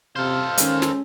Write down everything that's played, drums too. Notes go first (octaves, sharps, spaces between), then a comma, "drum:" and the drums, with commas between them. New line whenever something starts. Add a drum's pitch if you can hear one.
C3 A4 C5 F5
D#3 G#3 C#4, drum: hi-hat
drum: snare